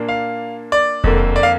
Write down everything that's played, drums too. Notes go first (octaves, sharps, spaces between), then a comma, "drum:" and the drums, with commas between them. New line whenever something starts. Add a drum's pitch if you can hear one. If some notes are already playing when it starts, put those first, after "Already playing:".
Already playing: A#2 A#3 D4
F5
D5
F2 D3 A#3, drum: kick E1
D5
F5